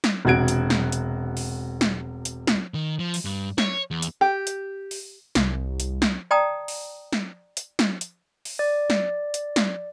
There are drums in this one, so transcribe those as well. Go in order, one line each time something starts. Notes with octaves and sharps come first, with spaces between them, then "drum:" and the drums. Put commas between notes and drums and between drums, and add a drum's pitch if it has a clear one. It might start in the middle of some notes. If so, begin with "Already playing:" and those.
drum: snare
E1 C3 F#4 G#6 D7
drum: hi-hat
drum: snare
drum: hi-hat
drum: open hi-hat
drum: snare
drum: hi-hat
drum: snare
D#3
F3
drum: open hi-hat
G2
C#5, drum: snare
E2
drum: hi-hat
G4
drum: hi-hat
drum: open hi-hat
C2, drum: snare
drum: hi-hat
drum: snare
D5 G5 A5 A#5 D#6
drum: open hi-hat
drum: snare
drum: hi-hat
drum: snare
drum: hi-hat
drum: open hi-hat
D5
drum: snare
drum: hi-hat
drum: snare